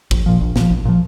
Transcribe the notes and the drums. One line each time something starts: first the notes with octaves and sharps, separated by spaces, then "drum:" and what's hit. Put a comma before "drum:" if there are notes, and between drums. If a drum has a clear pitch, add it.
A#1, drum: kick
A#2 F3
A#1
A#2 F3, drum: snare
A#1
A#2 F3